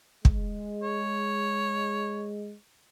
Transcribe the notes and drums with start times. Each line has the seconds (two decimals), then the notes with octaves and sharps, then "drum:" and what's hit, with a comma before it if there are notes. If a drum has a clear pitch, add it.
0.25 G#3, drum: kick
0.83 C#5